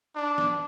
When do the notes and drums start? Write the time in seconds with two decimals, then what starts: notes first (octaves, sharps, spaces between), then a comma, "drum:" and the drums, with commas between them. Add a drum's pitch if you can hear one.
0.15 D4
0.38 drum: snare